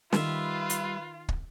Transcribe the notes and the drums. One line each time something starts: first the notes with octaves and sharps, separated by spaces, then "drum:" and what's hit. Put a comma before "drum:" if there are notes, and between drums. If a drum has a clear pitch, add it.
D#3 G3 F4 B4 E5, drum: snare
drum: hi-hat
drum: kick